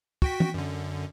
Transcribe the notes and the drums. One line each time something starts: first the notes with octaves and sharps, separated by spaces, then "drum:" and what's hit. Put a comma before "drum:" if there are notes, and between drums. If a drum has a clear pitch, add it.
F#4 G5 B6, drum: kick
drum: tom E3
F#2 D3